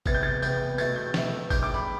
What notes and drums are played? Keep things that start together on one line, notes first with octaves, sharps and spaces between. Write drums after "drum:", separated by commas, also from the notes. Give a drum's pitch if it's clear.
C3 G3 B3 A6, drum: kick, tambourine
G6
A6
C3 G3 B3 G6, drum: tambourine
B2 F#3 A3 E4 A6, drum: tambourine
G6
B2 F#3 A3 E4, drum: snare
G3 D4 G4 D5 G6, drum: kick, tambourine
D6
B5